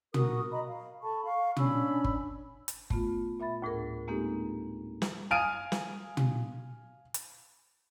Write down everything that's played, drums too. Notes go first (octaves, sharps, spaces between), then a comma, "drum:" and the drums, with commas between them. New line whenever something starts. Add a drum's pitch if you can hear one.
F#4 A#4 D#6, drum: tom
D#5 A#5 B5
F5
A4 A5 B5 C#6
F5 C#6
C#4 D4 B5 E6, drum: tom
drum: kick G1
drum: hi-hat
A3 B3 F4, drum: kick G1
A#2 E5 B5 A6
D2 A2 G#4 A#4
G#3 A#3 C4 D#4 G4 A4
drum: snare
F5 G#5 D#6 F6 D7 D#7
drum: snare
drum: tom
drum: hi-hat